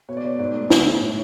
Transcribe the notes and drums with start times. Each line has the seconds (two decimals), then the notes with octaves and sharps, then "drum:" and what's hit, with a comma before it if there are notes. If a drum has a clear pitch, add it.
0.09 B2 C#5
0.17 D5
0.24 B2 C#5
0.39 G#2 D5
0.55 A3
0.70 B2, drum: snare
0.87 A3
1.01 A2 C#5